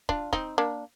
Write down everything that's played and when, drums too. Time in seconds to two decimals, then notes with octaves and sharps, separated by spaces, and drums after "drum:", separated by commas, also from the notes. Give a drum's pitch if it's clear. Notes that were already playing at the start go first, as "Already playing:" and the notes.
0.09 D4 F4, drum: kick
0.33 C4 D#4, drum: kick
0.58 A#3 D4